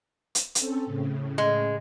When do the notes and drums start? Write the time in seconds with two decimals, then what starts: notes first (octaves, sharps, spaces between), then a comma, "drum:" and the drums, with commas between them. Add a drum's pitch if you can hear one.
0.35 drum: hi-hat
0.55 C4 C#4 A4, drum: hi-hat
0.86 A2 C#3
1.38 G#3